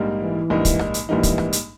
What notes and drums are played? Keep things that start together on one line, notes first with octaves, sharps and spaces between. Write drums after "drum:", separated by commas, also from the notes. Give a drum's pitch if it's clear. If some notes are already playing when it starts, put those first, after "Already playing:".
Already playing: A#1 G#2 G3 A#3 D#4
E3
A#1 G#2 G3 A#3 D#4
drum: kick, hi-hat
drum: rim click
drum: hi-hat
A#1 G#2 E3 G3 A#3 D#4
drum: kick, hi-hat
drum: rim click
drum: hi-hat